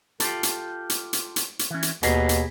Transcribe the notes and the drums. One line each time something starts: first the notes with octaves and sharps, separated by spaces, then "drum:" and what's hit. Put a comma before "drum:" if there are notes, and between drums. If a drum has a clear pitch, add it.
F4 G4 A4, drum: hi-hat
drum: hi-hat
drum: hi-hat
drum: hi-hat
drum: hi-hat
drum: hi-hat
E3 C#4
drum: hi-hat
D#2 B2 G#4 B4 A#5, drum: hi-hat
drum: hi-hat